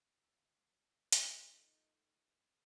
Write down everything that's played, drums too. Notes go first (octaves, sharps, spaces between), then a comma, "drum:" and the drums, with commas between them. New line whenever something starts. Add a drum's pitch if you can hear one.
C#2 E6
drum: hi-hat
A3 D#4 F4 A4